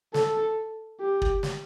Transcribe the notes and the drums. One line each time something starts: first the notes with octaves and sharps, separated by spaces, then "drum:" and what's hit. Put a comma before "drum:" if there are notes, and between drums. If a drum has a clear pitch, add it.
A4, drum: snare
G4
drum: kick
drum: snare